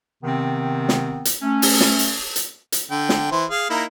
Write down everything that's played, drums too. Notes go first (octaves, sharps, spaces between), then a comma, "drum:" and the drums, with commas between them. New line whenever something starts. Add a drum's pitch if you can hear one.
C3 D#3 B3 C4
drum: snare
drum: hi-hat
A3 C#4
drum: open hi-hat
drum: snare
drum: hi-hat
drum: hi-hat
drum: hi-hat
D3 G5
drum: snare
E3 C5
G#4 F5
A#3 D#4 E4